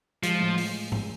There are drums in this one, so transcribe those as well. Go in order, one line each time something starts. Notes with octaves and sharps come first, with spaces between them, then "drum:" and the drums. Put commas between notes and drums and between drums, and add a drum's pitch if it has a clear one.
F3 G#3, drum: hi-hat
A2
drum: open hi-hat
drum: tom G#2